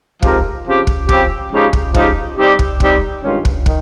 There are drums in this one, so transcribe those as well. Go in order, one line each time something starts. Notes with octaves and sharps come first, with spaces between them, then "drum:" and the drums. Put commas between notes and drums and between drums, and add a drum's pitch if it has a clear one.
G#2 F3 C4 G4 A#4, drum: kick
C#3 F3 C4 G4
drum: kick
C#3 F3 C4 G4, drum: kick
C#3 F3 G#3 D#4 G4
drum: kick
C#3 F3 G#3 D#4 G4, drum: kick
G3 C4 D#4 G4
drum: kick
G3 C4 D#4 G4, drum: kick
G2 D#3 G#3 C#4 F4
drum: kick
D#3, drum: kick